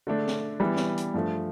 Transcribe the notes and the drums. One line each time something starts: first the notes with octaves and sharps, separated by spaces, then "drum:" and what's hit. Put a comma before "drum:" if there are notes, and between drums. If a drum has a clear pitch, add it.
D3 A3 D4
drum: snare
E3 G3 B3
drum: snare
drum: hi-hat
G2 F3 A3